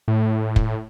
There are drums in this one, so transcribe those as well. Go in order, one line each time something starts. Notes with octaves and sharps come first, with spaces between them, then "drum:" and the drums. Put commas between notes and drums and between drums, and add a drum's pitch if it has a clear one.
A2
drum: kick